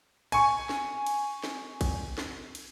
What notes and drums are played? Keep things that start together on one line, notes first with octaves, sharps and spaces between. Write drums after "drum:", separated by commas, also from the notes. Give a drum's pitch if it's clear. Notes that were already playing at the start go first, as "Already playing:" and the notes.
G#5 C#6, drum: cymbal
drum: snare
drum: cymbal
drum: snare
drum: kick A1, cymbal
drum: snare
drum: cymbal